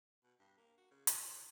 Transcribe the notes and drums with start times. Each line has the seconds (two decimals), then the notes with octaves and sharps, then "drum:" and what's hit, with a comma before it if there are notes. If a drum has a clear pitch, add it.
0.24 B2
0.39 G2
0.57 A#3
0.78 F#4
0.91 C#3
1.07 D#4, drum: hi-hat
1.23 A2